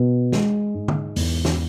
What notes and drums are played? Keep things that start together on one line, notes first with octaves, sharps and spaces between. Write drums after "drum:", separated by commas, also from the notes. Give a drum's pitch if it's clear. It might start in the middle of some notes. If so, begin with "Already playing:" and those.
Already playing: B2
G#3, drum: snare
G#2
drum: tom
E2, drum: open hi-hat
drum: snare